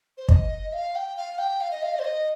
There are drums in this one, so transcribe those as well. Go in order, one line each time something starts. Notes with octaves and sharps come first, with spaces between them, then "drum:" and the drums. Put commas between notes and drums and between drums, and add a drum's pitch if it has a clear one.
C5
D#5, drum: kick
F5
G5
F5
G5
F5
D#5
F5
D#5
C5
D#5